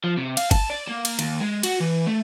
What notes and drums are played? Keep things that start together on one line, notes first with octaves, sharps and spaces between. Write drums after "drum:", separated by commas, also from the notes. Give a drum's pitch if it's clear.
F3
C3
F5, drum: cymbal
A5, drum: kick, cymbal
D5
A#3
drum: cymbal
D#2, drum: cymbal
G#3
F#4, drum: cymbal
E3
A3